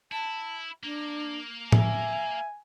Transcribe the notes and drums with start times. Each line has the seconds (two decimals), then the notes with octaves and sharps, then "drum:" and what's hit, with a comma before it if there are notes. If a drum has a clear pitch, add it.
0.12 E4 A5
0.83 A#3 D4
1.72 E5 G#5, drum: tom A2